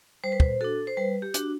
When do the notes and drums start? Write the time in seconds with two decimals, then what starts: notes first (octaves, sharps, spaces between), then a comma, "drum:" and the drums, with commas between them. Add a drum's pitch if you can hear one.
0.24 G3 C5
0.32 B4
0.40 C5, drum: kick
0.61 D4 F#4 A4
0.87 C5
0.97 G3 B4
1.22 G4
1.34 D4 F#4, drum: hi-hat